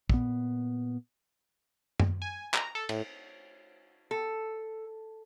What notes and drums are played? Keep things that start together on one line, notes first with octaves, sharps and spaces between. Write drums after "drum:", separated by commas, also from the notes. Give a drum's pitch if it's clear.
A#2 B3, drum: kick
drum: tom F#2
G#5
A#5, drum: clap
A4
A2, drum: cymbal
A4